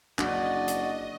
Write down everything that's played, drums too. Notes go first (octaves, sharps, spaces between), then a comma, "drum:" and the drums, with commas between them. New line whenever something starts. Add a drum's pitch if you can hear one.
F#1 D4 F#4 D5 D#5, drum: clap
drum: hi-hat